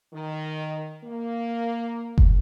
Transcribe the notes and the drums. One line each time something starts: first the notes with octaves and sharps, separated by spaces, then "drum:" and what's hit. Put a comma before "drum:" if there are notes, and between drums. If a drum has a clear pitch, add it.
D#3
A#3
drum: kick F#1